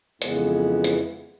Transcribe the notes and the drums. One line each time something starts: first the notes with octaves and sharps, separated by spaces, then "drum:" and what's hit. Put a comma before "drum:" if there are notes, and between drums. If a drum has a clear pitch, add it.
F2 C#3 E3 G#3 B3 E4, drum: hi-hat
drum: hi-hat